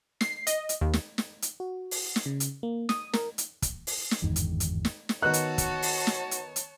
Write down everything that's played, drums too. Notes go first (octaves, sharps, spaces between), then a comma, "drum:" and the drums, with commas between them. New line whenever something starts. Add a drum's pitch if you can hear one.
C7, drum: snare
D#5, drum: hi-hat
drum: hi-hat
D#2
drum: snare
drum: snare
drum: hi-hat
F#4
drum: open hi-hat
drum: snare
C#3
drum: hi-hat
A#3
D#6, drum: snare
A#4, drum: snare
drum: hi-hat
drum: kick, hi-hat
drum: open hi-hat
drum: snare
G1 E2 G#2 D#3
drum: hi-hat
drum: hi-hat
drum: snare
drum: snare
D#3 B3 F#4 C#5 D#5 A5 F#6
drum: hi-hat
drum: kick, hi-hat
drum: open hi-hat
drum: snare
drum: hi-hat
drum: hi-hat